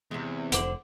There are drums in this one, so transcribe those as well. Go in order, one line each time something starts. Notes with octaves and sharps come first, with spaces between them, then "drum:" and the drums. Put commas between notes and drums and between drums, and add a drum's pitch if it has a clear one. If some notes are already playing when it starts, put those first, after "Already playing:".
E2 C3 G#3
F1 D3 C5 F#5 D6 F#7, drum: hi-hat